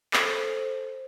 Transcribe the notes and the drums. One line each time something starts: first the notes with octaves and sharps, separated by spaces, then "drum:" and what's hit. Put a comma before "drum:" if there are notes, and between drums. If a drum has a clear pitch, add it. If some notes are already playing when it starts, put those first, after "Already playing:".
A4 C5, drum: clap